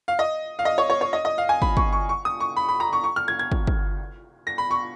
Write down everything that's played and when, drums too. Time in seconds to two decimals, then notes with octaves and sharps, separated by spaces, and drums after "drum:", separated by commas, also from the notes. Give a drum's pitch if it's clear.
0.08 F5
0.19 D#5
0.59 F5
0.65 D#5
0.78 C#5
0.90 C#5
1.01 C#5
1.13 D#5
1.25 D#5
1.38 F5
1.49 G#5
1.62 B5, drum: kick
1.77 C#6, drum: kick
1.93 C#6
2.09 C#6
2.25 D#6
2.40 C#6
2.57 B5
2.69 B5
2.80 A#5
2.93 C#6
3.04 C#6
3.16 F6
3.28 G#6
3.39 G#6
3.52 drum: kick
3.67 drum: kick
4.47 A#6
4.58 B5
4.71 C#6